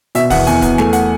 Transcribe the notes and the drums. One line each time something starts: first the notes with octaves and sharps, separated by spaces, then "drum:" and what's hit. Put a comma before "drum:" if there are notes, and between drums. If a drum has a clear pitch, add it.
B2 E5, drum: hi-hat
E2 F#5, drum: kick D1, open hi-hat
E2 G#5, drum: hi-hat
E2, drum: kick D1, hi-hat
A3 G#5, drum: snare
F#5, drum: hi-hat